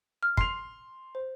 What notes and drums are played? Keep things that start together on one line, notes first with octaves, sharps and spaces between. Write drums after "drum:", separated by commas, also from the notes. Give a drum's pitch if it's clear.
F6
C6 C7 F7, drum: kick
C5